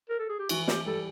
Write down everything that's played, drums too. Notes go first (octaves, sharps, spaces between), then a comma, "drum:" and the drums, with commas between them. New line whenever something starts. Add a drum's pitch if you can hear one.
A#4
A4
G#4
G4
E3 F#4, drum: cymbal
G4, drum: snare
G3 A4